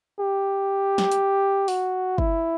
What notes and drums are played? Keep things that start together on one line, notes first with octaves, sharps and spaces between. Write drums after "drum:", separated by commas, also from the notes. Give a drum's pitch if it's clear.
G4
drum: snare
drum: hi-hat
F#4, drum: open hi-hat
E4, drum: kick